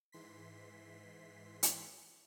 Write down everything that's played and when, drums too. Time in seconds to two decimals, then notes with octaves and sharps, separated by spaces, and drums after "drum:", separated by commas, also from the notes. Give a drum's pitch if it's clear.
0.12 G#2 E3 C6 B6
1.63 drum: hi-hat